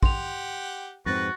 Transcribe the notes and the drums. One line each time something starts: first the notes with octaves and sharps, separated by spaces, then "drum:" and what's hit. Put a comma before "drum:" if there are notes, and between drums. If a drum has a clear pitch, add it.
G4 F#5 G5 C6 F7, drum: kick
F2 G#2 C4 F#4 B4 A6 A#6